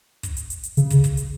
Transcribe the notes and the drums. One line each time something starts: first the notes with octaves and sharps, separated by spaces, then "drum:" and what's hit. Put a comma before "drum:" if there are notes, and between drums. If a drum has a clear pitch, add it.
drum: kick, hi-hat
drum: hi-hat
drum: hi-hat
drum: hi-hat
C#3, drum: hi-hat
drum: kick, hi-hat
drum: kick, hi-hat
drum: hi-hat